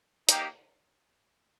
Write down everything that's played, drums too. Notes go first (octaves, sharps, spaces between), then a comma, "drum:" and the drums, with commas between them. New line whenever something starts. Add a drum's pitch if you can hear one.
A#3 D#4 G4, drum: hi-hat